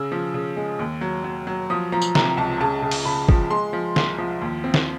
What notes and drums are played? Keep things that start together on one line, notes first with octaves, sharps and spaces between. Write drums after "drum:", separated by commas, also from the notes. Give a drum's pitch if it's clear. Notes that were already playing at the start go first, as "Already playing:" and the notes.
Already playing: C#3 E6
F3
C#3
G#3
D#2
F#3
F#3
F#3
F3 D#6
F3 A#5
drum: tambourine
C3 A#5, drum: snare
C#2 A5
C#3 A5
C#3
drum: open hi-hat
C#3 B5
F3, drum: kick
G#3 C6
F3
C2, drum: snare
F3
D#2
C4
drum: snare